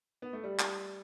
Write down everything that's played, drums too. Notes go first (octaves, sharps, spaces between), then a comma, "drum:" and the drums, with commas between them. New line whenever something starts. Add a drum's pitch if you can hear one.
B3
A3
G3
drum: clap